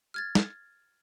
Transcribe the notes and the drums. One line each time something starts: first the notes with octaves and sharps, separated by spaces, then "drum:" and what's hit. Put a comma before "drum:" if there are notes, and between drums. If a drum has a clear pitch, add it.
F6 G#6 A6
drum: snare